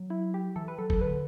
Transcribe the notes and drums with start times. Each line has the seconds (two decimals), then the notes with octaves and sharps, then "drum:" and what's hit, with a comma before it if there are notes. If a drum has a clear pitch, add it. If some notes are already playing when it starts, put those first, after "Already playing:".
Already playing: F#3
0.10 E4
0.34 G4
0.56 E3 A4
0.68 B4
0.78 F#3 A4
0.90 A4, drum: kick F#1
1.01 D3 B4